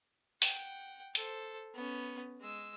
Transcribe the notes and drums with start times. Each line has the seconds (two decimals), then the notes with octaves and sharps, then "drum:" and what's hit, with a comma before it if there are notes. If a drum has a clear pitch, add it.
0.42 F#5 G5, drum: open hi-hat
1.15 A4 C5, drum: hi-hat
1.74 B3 C#4
2.41 G#3 E6